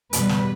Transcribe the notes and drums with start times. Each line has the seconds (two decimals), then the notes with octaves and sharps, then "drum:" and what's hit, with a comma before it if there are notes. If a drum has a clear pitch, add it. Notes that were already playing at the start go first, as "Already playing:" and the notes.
0.13 E2 B2 G3 B4, drum: hi-hat
0.29 drum: snare